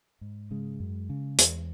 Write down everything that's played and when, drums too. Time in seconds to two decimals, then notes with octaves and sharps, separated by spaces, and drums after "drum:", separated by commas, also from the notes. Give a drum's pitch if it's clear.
0.21 G#2
0.51 C#3 G#3
0.80 F#2
1.09 C#3
1.39 E2, drum: hi-hat